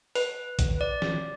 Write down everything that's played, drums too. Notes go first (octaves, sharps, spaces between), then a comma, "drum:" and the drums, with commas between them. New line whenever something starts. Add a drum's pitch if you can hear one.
B4, drum: open hi-hat
drum: kick, hi-hat
D5
drum: snare